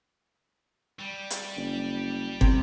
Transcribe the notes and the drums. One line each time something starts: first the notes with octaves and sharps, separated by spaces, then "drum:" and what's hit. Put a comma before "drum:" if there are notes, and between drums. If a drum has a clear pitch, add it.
G3
drum: hi-hat
F#1
C2 C3, drum: kick